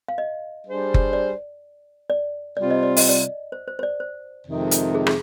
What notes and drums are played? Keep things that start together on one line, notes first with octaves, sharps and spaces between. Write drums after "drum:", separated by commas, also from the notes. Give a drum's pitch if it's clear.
F5
D#5
G3 D4 G#4 C5
drum: kick F#1
D5
D5
C3 G3 C4 F4 D5
D#5
D5
D#5, drum: open hi-hat
D5
C5
C5
C5
D5
C5
F2 C3 D#3 G#3 D#4
drum: hi-hat
G#4
G#4, drum: rim click